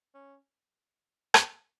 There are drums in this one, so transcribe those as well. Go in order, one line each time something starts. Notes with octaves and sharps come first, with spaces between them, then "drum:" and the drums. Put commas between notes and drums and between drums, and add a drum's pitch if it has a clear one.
C#4
drum: rim click